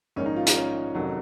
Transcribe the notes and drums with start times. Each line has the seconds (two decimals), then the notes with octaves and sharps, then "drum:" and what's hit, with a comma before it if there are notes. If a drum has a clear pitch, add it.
0.16 A#1 G#2 D#3 C#4
0.26 D#4
0.36 F4
0.47 D#4, drum: hi-hat
0.56 C#4
0.95 F1 F2 D#3 F#3